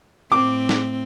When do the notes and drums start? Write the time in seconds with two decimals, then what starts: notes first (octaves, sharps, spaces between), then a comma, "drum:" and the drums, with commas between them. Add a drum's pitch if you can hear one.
0.32 A2 C4 D6
0.69 drum: snare